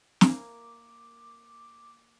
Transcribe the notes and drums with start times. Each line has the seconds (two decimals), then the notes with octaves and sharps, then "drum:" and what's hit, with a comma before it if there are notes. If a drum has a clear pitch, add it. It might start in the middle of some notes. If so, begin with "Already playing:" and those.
0.21 A#3 E4 F5 D6, drum: snare